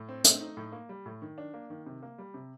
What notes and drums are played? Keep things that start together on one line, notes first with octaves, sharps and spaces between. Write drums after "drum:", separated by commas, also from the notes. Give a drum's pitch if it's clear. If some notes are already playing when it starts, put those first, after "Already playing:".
Already playing: A2
C4
A3, drum: hi-hat
D#4
A2
A#3
G3
A2
D#3
D4
A#3
D#3
C3
A#3
G3
C3